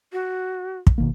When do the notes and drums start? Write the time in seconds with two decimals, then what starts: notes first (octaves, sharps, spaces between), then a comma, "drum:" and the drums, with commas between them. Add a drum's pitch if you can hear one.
0.12 F#4
0.87 drum: kick
0.98 B2 D#3 A#3